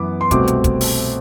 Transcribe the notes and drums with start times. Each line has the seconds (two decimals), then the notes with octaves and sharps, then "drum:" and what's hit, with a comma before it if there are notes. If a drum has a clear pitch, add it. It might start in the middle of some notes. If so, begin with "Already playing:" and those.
Already playing: F#2 E3 B3 D6
0.21 C6
0.31 C2 B2 A3 C4 D6, drum: kick, hi-hat
0.48 drum: hi-hat
0.64 drum: kick, hi-hat
0.81 drum: open hi-hat